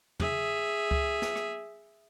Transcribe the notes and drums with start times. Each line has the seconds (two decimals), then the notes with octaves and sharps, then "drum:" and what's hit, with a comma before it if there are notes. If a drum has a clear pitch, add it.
0.20 G#4 E5, drum: tom
0.91 drum: kick C#2
1.22 drum: snare
1.36 drum: rim click